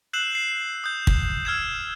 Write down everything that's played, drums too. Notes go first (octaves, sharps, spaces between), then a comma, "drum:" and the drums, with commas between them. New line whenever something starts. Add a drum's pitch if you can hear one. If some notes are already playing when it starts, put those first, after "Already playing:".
E6 F#6 G6 C7 E7 F#7
C7
D#6 G6
drum: kick
E6 F6 G6 G#6 C7 E7